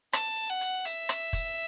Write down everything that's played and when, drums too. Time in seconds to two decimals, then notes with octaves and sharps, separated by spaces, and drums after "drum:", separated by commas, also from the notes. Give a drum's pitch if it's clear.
0.13 A5, drum: rim click
0.50 F#5
0.61 drum: hi-hat
0.85 E5, drum: hi-hat
1.09 drum: rim click
1.33 drum: kick, hi-hat